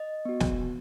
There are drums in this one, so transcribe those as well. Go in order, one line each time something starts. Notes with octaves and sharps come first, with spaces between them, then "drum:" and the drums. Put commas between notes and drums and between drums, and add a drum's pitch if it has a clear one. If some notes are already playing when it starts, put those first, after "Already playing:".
Already playing: D#5
B3 F#4
drum: snare